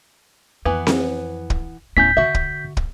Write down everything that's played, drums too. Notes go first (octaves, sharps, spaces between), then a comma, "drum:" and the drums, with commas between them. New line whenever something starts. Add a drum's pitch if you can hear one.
F2 E3 B3
drum: snare C4
drum: kick
D1 B3 C#4 E4 G6 B6
D3 F#4 E5
drum: kick
drum: kick